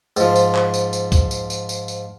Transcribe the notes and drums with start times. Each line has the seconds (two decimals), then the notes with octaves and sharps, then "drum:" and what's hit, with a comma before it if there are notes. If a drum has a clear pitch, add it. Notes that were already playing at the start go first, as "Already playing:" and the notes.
0.17 G#2 F3, drum: tambourine
0.36 drum: tambourine
0.55 drum: clap
0.74 drum: tambourine
0.93 drum: tambourine
1.12 drum: kick C2, tambourine
1.31 drum: tambourine
1.50 drum: tambourine
1.69 drum: tambourine
1.88 drum: tambourine